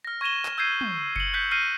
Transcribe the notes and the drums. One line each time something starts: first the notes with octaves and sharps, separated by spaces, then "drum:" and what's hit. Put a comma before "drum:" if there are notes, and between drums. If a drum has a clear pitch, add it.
F6 A#6
C#6 G#6 A#6 D#7 E7 G7
drum: clap
E6 G6 G#6 C7 D#7
drum: tom
C#7 F#7, drum: kick F#1
F#6 G6 B6 C#7
F6 G6 A#6 C7 D#7